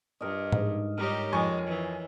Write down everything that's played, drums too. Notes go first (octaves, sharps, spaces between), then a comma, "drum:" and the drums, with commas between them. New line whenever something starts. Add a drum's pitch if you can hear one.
G2 A#4 D#5
G#2, drum: tom A2
G3 D#4 G4 A#4 C#5
F2 G#3 G#5 C#6
E3